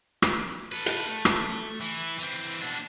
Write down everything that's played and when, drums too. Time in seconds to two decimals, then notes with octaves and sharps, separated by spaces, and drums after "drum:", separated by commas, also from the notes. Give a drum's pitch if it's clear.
0.22 drum: rim click
0.72 A4 B4
0.86 drum: hi-hat
1.08 A3
1.25 drum: rim click
1.80 E3 E4
2.19 E3 C4
2.61 B2 D4